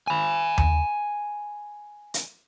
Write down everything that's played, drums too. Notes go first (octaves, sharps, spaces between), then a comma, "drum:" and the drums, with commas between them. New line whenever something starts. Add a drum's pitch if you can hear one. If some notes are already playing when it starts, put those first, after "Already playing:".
G#5 B5
drum: tom D#2
drum: hi-hat